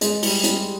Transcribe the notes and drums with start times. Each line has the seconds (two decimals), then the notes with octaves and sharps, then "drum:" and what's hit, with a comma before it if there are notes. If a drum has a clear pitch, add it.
0.01 G#3, drum: hi-hat
0.23 G3, drum: open hi-hat
0.44 G3, drum: hi-hat